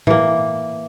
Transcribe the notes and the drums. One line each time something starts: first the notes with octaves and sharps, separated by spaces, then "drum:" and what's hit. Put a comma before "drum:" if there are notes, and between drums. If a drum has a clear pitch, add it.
E3 A#3, drum: tom A2